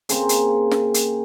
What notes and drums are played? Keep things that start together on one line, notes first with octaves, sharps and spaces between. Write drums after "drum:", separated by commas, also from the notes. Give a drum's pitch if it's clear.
C#3 A#3 C4, drum: hi-hat
drum: hi-hat
drum: snare
drum: hi-hat